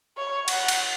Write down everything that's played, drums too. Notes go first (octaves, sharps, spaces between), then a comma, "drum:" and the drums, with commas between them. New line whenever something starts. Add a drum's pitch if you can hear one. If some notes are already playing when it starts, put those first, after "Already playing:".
C#5
F#5, drum: cymbal
drum: cymbal